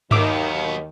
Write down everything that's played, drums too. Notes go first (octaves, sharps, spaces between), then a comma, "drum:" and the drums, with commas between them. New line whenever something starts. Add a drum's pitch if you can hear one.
D#2 D#3 F#3 B3 E5 D6, drum: tom G2